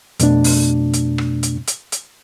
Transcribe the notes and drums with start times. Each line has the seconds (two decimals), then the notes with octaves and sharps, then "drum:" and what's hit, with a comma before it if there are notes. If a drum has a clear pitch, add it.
0.20 F2 B2 A3 D4, drum: hi-hat
0.44 drum: open hi-hat
0.94 drum: hi-hat
1.18 drum: rim click
1.43 drum: hi-hat
1.68 drum: hi-hat
1.92 drum: hi-hat